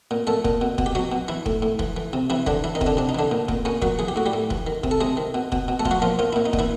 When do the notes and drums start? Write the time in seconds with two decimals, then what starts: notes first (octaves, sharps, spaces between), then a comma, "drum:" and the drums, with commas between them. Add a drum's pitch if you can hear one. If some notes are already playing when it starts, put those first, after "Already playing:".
0.11 A#2
0.27 A#2 A3 A4
0.45 A#2, drum: kick
0.61 B2
0.78 B2, drum: kick
0.86 G4
0.95 B2 F#3 F#4
1.12 B2
1.28 E3 E4
1.46 A2, drum: kick
1.62 A2
1.79 E3, drum: kick
1.97 E3
2.13 C3
2.30 C3 E3 E4
2.47 D3 E3 D4, drum: kick
2.64 E3 E4
2.75 D#3 D#4
2.81 C3, drum: kick
2.86 D3 D4
2.97 C3 D4
3.09 D#4
3.15 D3 E3 D4
3.31 A#2
3.49 A#2, drum: kick
3.65 A#2 C#3 C#4
3.82 A#2 F#3 F#4, drum: kick
3.99 E3 G#4
4.08 G4
4.16 A2 F#4
4.26 G3 G4
4.33 A2
4.50 E3, drum: kick
4.67 D#3
4.84 C3, drum: kick
4.91 A4
5.01 C3 G#3 G#4
5.17 D#3
5.34 B2
5.52 B2, drum: kick
5.68 B2
5.80 A3 A4
5.85 B2 F4, drum: kick
5.91 F#3 F#4
6.02 A#2 F3 F4
6.19 A#2 F4
6.33 A#2 E4
6.46 D#4
6.53 A#2, drum: kick
6.59 E3 E4